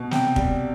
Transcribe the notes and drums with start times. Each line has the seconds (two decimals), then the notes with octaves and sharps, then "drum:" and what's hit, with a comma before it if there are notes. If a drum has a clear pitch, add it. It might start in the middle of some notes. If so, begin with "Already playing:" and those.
Already playing: B2
0.11 C3 G5, drum: snare
0.36 G3, drum: kick